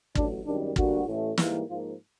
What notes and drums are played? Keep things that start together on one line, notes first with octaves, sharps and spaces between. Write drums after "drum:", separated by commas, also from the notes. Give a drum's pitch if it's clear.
A1 A2 F#3 D4, drum: kick
G#1 F#2 D#3 G3 D4
D2 D3 G3 A#3 F#4, drum: kick
A1 A2 E3 A3
G#2 E3 G3 A#3, drum: snare
G#2 F3 A#3 F4